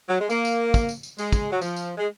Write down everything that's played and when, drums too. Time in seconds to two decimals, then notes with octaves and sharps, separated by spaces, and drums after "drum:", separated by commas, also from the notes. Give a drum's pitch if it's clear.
0.09 F#3
0.20 G#3
0.30 A#3, drum: tambourine
0.45 drum: tambourine
0.74 drum: kick, tambourine
0.89 drum: tambourine
1.03 drum: tambourine
1.18 G#3, drum: tambourine
1.33 drum: kick, tambourine
1.51 F#3
1.61 F3, drum: tambourine
1.76 drum: tambourine
1.98 G#3